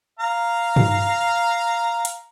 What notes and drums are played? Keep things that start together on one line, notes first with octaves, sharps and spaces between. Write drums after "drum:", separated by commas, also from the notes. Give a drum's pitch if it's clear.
F5 A#5
drum: tom
drum: hi-hat